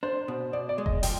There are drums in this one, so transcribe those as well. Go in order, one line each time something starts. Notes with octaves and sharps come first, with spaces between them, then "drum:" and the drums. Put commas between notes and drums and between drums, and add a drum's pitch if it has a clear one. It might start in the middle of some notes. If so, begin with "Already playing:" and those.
D4 C5
B2
B2 D5
D5
G#3
D#5, drum: kick F1
F3 G5, drum: open hi-hat